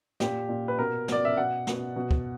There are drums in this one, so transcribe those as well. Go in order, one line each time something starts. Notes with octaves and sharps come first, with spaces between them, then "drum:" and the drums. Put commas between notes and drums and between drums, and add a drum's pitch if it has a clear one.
A#2 G4, drum: snare
A#2
B4
B2 A#4
B2 D5, drum: snare
E5
B2 F#5
B2, drum: snare
B2
drum: kick